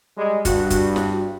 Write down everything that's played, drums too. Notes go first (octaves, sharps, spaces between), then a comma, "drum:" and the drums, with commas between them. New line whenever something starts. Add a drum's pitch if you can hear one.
G3 G#3
G2 F#4, drum: kick, hi-hat
drum: kick, hi-hat
drum: snare